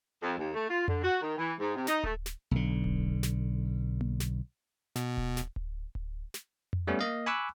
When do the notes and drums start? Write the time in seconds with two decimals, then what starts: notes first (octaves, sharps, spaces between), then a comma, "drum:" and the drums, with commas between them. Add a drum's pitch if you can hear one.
0.22 F2
0.37 D#2
0.53 A3
0.69 F4
0.88 D3, drum: tom F2
1.02 F#4
1.22 D#3
1.38 E3
1.60 G#2
1.75 C3
1.87 D#4, drum: snare
2.04 A3, drum: kick D1
2.26 drum: snare
2.51 B1 D3
2.84 drum: kick D1
3.23 drum: snare
4.01 drum: tom A#3
4.20 drum: snare
4.96 B2, drum: snare
5.17 drum: kick D1
5.37 drum: snare
5.56 drum: kick D1
5.95 drum: kick D1
6.34 drum: snare
6.73 drum: tom F2
6.87 G3 A3 B3 C#4
6.99 A#3 D#5 F5
7.26 G#5 B5 C#6 D6 E6 F#6